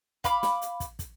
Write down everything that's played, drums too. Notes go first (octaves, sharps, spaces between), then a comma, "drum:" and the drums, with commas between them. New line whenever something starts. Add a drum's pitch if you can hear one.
F5 B5 D6, drum: kick, hi-hat
drum: snare
drum: hi-hat
drum: kick, hi-hat
drum: kick, hi-hat